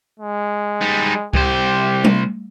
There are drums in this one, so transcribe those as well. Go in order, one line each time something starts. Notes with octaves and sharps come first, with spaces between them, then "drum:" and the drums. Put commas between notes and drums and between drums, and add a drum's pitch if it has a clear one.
G#3
G3 D#4
C2 G4 C5, drum: kick C#2
drum: tom G3